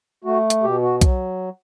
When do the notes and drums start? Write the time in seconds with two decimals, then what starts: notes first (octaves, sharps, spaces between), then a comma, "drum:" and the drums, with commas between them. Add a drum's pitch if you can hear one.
0.24 A3 F#4
0.50 drum: hi-hat
0.63 B2 G4
0.82 F#4
1.01 F#3, drum: kick B1, hi-hat